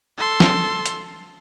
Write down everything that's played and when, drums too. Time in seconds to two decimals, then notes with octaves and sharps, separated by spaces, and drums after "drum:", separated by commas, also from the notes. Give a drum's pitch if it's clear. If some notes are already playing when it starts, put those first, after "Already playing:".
0.18 A4 C6
0.40 drum: snare
0.86 drum: hi-hat